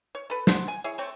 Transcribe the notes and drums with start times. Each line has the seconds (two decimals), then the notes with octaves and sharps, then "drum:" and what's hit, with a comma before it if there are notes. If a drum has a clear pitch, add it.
0.15 C#5
0.30 A4 B4
0.47 F#4 C5, drum: snare
0.68 G#5
0.84 E4 G#4 C#5
0.98 A3 C4 C#5